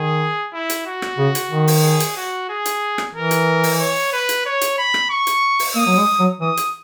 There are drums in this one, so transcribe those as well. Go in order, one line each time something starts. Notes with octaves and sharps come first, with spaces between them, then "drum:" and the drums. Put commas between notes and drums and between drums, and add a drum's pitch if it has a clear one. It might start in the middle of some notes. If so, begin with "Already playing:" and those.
Already playing: D#3 G#4
E4
drum: hi-hat
F#4
drum: rim click
C#3
drum: hi-hat
D#3
drum: open hi-hat
G#4
drum: hi-hat
F#4
G#4
drum: hi-hat
drum: rim click
E3 A#4
drum: hi-hat
drum: open hi-hat
C#5
B4
drum: hi-hat
C#5
drum: hi-hat
B5
drum: rim click
C#6
drum: hi-hat
drum: open hi-hat
A#3 D#6
F#3
G#3
F#3
E3 D#6
drum: hi-hat